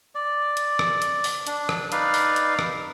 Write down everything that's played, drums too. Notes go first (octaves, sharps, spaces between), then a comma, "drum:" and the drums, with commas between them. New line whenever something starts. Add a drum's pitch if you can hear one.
D5
drum: hi-hat
drum: rim click
drum: hi-hat
drum: open hi-hat
D4, drum: hi-hat
drum: rim click
D#4 B4 D5 F5, drum: hi-hat
drum: open hi-hat
drum: hi-hat
drum: rim click